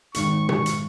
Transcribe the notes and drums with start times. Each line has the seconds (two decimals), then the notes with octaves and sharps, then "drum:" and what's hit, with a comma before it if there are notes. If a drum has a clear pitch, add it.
0.14 G#1 G#2 D#3 C#6, drum: hi-hat
0.49 C#6, drum: tom B2
0.66 drum: hi-hat